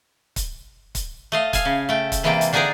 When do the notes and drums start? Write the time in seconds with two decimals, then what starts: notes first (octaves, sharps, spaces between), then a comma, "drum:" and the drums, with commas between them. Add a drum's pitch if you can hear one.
0.36 drum: kick, hi-hat
0.95 drum: kick, hi-hat
1.32 A3 D#5 F5
1.53 F5 G#5, drum: kick, hi-hat
1.65 C#3
1.89 A3 G5
2.12 drum: kick, hi-hat
2.23 C3 E3 G#3 A#3 D5 G5
2.41 drum: hi-hat
2.53 D3 D4 D#4 G#4 D5 A#5